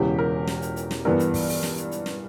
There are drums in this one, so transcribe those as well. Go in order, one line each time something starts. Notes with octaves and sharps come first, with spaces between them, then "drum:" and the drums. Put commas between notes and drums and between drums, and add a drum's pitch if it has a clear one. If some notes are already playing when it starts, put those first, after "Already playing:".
Already playing: E1 E2 C#3 E3 G4
A#4
drum: snare
drum: hi-hat
drum: hi-hat
drum: snare
G2 E3 B3 A#4
drum: hi-hat
drum: kick, open hi-hat
drum: open hi-hat
drum: snare
drum: hi-hat
drum: hi-hat
drum: snare